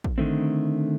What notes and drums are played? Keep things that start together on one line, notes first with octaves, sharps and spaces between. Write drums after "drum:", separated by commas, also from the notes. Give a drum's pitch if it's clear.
drum: kick
D3 D#3 A3 C4